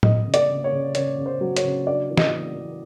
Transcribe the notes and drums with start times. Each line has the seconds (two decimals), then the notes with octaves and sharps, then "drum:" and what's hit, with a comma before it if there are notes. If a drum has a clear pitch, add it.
0.03 B3 D#5, drum: tom A2
0.27 C#3
0.34 D5, drum: hi-hat
0.49 C#3
0.64 C#5
0.72 C#3
0.95 C#3 C#5, drum: hi-hat
1.18 C#3
1.26 C5
1.41 F#3
1.57 C#5, drum: hi-hat
1.64 C#3
1.87 D4 D5
2.10 E3
2.17 D#5, drum: snare
2.33 E3
2.56 E3